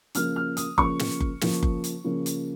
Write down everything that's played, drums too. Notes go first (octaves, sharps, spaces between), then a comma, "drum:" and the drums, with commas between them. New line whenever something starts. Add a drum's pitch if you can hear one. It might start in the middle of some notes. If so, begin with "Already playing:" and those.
C#3 F3 A#3 F6, drum: hi-hat
F6
D#6, drum: hi-hat
C#3 F3 A#3 C#6, drum: kick F#1
drum: snare
drum: kick F#1
C#3 F3 A#3, drum: snare
drum: kick F#1
drum: hi-hat
C#3 F3 A#3
drum: hi-hat